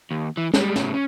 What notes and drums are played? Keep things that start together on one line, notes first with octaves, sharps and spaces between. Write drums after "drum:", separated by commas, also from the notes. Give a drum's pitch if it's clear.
D#2
E3
G3 G#3, drum: snare
A2 C#3, drum: snare
C#4